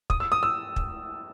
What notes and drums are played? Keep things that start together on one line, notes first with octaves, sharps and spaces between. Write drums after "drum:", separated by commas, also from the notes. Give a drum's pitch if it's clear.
D#6, drum: kick
E6
D#6
E6
drum: kick